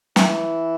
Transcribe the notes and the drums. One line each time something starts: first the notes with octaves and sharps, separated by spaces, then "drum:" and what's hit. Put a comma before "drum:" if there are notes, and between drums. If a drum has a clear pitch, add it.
E3, drum: snare